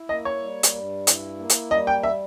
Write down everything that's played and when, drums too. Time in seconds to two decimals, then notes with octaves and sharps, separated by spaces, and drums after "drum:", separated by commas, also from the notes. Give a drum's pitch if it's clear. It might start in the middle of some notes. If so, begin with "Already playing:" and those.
Already playing: E4
0.09 A#3 D#5
0.25 C#5
0.42 G3
0.63 drum: hi-hat
0.74 G2
1.07 E4, drum: hi-hat
1.38 A#3
1.50 drum: hi-hat
1.71 G3 D#5
1.87 G5
2.03 E5